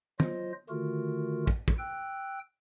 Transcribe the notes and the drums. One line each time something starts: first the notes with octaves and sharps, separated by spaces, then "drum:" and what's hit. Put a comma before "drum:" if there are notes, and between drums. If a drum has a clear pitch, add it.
F#3 F4 C5 D#5, drum: tom
D3 D#3 A3 F4 F#4 A#4
drum: kick
drum: kick
G5 E6 F#6